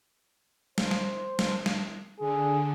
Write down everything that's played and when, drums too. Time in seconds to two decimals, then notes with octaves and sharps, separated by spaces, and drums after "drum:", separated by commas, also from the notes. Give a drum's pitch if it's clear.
0.78 C5, drum: snare
0.91 drum: snare
1.39 drum: snare
1.66 drum: snare
2.20 D3 G#4